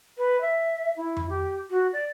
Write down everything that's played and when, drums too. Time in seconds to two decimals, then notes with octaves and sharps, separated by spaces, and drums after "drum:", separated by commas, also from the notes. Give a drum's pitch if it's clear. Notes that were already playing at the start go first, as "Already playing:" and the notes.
0.17 B4
0.41 E5
0.96 E4
1.17 drum: tom F2
1.29 G4
1.70 F#4
1.93 D5